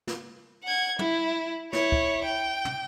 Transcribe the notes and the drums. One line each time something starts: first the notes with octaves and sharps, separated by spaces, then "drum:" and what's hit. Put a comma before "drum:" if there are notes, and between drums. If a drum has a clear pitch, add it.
drum: snare
F#5 G#6
E4, drum: tom
E4 C#5, drum: snare
drum: kick
G5
drum: tom